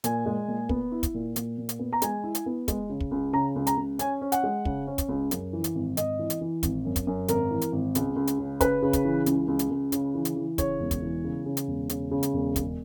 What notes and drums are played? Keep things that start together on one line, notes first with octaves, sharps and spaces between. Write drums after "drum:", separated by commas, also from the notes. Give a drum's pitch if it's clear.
A#2 G#5, drum: hi-hat
G#3
A#2
B3, drum: kick
E4
drum: kick, hi-hat
A#2
A#2, drum: hi-hat
A#2
drum: hi-hat
B3
A#5
G#3 G#5, drum: hi-hat
E4
drum: hi-hat
B3
G#3, drum: kick, hi-hat
C#3
drum: kick
C#2
C#3 A#5
C#2
A#5, drum: hi-hat
C#2
C#4 G#5, drum: hi-hat
C#4
F#5, drum: hi-hat
G#3
C#3, drum: kick
C#4
drum: kick, hi-hat
C#2
F#2, drum: hi-hat
E3
drum: hi-hat
G#1
G#1 D#5, drum: hi-hat
E3
drum: hi-hat
E3
G#1, drum: kick, hi-hat
F#2
drum: kick, hi-hat
F#2
G#1 A#4, drum: hi-hat
E3
drum: hi-hat
G#1
C#2, drum: hi-hat
C#2
drum: hi-hat
C#3
C#3 B4, drum: kick, hi-hat
C#3
drum: kick, hi-hat
E3
C#2, drum: hi-hat
C#2
drum: hi-hat
C#2
C#3, drum: hi-hat
E3
drum: hi-hat
E3
C#3 C#5, drum: kick, hi-hat
E1
drum: kick, hi-hat
E3
C#3
C#3
drum: hi-hat
E1
C#3, drum: hi-hat
C#3
drum: hi-hat
E1
E1, drum: kick, hi-hat